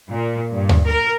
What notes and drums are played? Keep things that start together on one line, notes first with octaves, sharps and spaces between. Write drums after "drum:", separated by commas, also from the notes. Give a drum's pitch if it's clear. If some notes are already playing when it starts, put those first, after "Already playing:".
A#2
G2
drum: tom D2
A#4